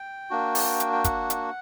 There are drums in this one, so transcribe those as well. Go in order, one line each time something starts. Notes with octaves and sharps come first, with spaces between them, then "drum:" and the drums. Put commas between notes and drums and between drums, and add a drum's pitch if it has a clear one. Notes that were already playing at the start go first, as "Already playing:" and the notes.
Already playing: G5
A#3 D4 F#4
drum: open hi-hat
drum: hi-hat
G5
F#5, drum: kick, hi-hat
drum: hi-hat